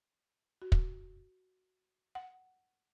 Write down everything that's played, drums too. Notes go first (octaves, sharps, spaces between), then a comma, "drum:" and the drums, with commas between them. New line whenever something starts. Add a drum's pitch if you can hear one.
F#4
drum: kick
F#5